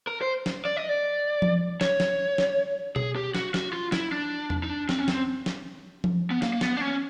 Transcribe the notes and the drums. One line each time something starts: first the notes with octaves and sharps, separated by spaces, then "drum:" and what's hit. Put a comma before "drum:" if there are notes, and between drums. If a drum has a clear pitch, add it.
A#4
C5
drum: snare
D5
D#5
D5
drum: tom F3
C#5, drum: snare
drum: snare
drum: snare
G#4, drum: tom B2
G4
F#4, drum: snare
F#4, drum: snare
F4
E4, drum: snare
D4
drum: tom E2
D#4
D4
C4, drum: snare
C#4
C4, drum: snare
drum: snare
drum: tom F3
B3
A#3, drum: snare
A#3
B3, drum: snare
D4
C#4